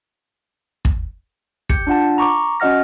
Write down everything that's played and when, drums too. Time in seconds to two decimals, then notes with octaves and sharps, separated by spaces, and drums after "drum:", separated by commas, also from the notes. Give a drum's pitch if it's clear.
0.85 drum: kick
1.69 G4 G6 C#7, drum: kick
1.87 D4 F4 F#5 A5
2.18 A#5 C#6 D6
2.60 C#4 F#4 D#5 F#5 F6 A#6